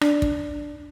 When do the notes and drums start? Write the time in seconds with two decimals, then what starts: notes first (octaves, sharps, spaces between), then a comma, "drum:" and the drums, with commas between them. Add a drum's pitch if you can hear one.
0.01 D4, drum: rim click
0.22 drum: kick